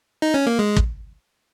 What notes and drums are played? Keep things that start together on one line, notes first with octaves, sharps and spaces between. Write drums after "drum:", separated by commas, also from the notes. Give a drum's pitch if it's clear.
D#4
C#4
A#3
G#3
drum: kick